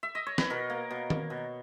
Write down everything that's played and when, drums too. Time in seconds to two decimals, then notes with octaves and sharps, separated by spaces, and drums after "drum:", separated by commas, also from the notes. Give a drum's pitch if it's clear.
0.03 E5
0.15 D#5
0.26 C#5
0.38 B4, drum: snare
0.50 B2 A#4
0.70 A#3
0.90 B2
1.10 A#3, drum: tom D#3
1.30 B2